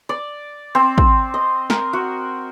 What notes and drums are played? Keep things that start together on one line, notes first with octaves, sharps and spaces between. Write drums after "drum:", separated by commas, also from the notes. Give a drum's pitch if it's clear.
D5
C4
drum: kick
D#5
A#4, drum: snare
F#4